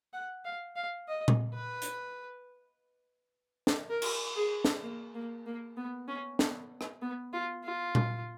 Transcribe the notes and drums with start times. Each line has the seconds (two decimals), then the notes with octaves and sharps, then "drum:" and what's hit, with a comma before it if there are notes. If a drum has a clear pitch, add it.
0.13 F#5
0.45 F5
0.76 F5
1.08 D#5
1.28 drum: tom A#2
1.54 B4
1.82 drum: hi-hat
3.67 drum: snare
3.89 A#4
4.02 drum: cymbal
4.36 G#4
4.65 drum: snare
4.82 A#3
5.14 A#3
5.46 A#3
5.77 B3
6.08 C#4
6.39 B3, drum: snare
6.81 drum: rim click
7.02 B3
7.33 F4
7.64 F4
7.95 drum: tom A#2